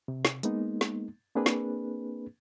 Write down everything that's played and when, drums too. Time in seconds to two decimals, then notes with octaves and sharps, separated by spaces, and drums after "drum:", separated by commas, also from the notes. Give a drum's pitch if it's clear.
0.08 C3
0.25 drum: snare
0.43 G#3 A#3 B3 D#4, drum: hi-hat
0.81 drum: snare
1.35 A#3 C4 D4 G#4 B4
1.46 drum: snare